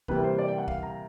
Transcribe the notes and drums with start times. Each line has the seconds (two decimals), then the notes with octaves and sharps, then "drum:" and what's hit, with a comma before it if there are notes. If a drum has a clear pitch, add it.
0.08 C3 E3 G3 A#3 B4, drum: kick
0.24 C5
0.38 D5
0.48 G5
0.58 F#5
0.68 F5, drum: kick
0.83 A#5